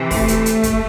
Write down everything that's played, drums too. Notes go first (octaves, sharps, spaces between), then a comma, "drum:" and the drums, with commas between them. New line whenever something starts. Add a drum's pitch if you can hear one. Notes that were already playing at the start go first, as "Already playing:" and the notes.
Already playing: C3 E3
A3, drum: kick, open hi-hat
drum: hi-hat
drum: hi-hat
drum: kick, hi-hat